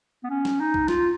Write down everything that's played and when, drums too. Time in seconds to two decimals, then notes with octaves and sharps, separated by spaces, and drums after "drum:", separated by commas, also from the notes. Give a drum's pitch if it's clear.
0.24 B3
0.30 C#4
0.45 drum: snare
0.60 D#4
0.74 drum: kick B1
0.88 F4, drum: snare